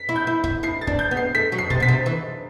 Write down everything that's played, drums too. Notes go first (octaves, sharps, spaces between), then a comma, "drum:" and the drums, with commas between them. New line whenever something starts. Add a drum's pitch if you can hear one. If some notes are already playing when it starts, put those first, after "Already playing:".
Already playing: B6
E4
G6
E4
E4, drum: kick
E4 C7
A6
D4, drum: kick
G6
B3
C7
A3 B6
F#3
C7
C3 A6, drum: kick
B2 B6
C3
E3